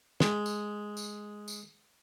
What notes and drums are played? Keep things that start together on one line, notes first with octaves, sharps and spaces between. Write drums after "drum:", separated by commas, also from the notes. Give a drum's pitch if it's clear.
G#3, drum: snare
drum: tambourine
drum: tambourine
drum: tambourine